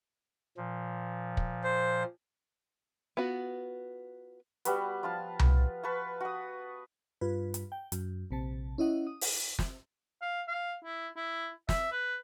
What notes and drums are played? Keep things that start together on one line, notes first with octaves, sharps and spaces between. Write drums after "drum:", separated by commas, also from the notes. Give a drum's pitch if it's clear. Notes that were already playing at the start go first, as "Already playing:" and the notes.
A#2 F3
drum: kick
C5
B3 F4 F#4
G3 B3 F#4 B4, drum: hi-hat
F3 F4 A5
drum: tom C2
B4 A5 C#6
F#4 D#6
G2 F4 B4
drum: hi-hat
G5
F#2, drum: hi-hat
A#1 C3 A5
C#4 E4 D#5 F#5
D#6
drum: open hi-hat
drum: snare
F5
F5
E4
E4
E5, drum: snare
B4